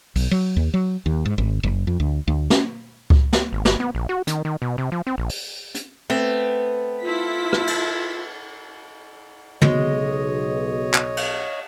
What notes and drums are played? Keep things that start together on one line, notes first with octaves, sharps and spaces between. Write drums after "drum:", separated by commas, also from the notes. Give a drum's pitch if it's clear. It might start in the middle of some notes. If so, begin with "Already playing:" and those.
B1, drum: open hi-hat
F#3
D#2
F#3
D#2
G#2
G#1
F#1
F2
D2
D2
C#4, drum: snare
drum: kick C#2
drum: snare
G#1
G1, drum: snare
B3
A#1
F#4
D#3, drum: hi-hat
D#3
B2
C3
F3
C4
A#1
drum: open hi-hat
drum: hi-hat
A3 B3 C4
E4 F4 A4 B6
drum: rim click
drum: cymbal
B1 C#3 G#3 B3 F#4 C#5 D#5, drum: tom
drum: clap
drum: cymbal